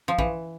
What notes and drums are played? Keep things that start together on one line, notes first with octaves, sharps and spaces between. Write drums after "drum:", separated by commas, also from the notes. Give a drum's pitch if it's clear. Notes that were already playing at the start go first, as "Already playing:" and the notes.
F3
E3, drum: kick